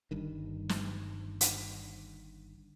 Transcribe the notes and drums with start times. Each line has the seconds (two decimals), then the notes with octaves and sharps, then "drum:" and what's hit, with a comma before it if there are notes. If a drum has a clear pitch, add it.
0.11 G1 G2 D#3
0.69 drum: snare
1.41 drum: hi-hat